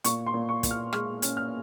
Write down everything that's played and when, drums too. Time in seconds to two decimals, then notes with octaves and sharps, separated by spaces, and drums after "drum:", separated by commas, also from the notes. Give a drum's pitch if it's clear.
0.04 A#2 C#6, drum: hi-hat
0.26 C6
0.34 A#2
0.49 C#6
0.63 A#2, drum: kick, hi-hat
0.71 F6
0.93 G#3 F6, drum: rim click
1.22 C#4, drum: hi-hat
1.37 F6